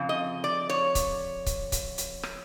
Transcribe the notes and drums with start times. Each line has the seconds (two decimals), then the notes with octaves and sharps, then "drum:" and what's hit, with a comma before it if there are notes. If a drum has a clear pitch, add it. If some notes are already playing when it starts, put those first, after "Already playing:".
Already playing: F2 C#3
0.09 D#5
0.44 D5
0.70 C#5
0.95 drum: kick C#1, hi-hat
1.46 drum: kick C#1, hi-hat
1.72 drum: kick C#1, hi-hat
1.98 drum: hi-hat
2.23 drum: rim click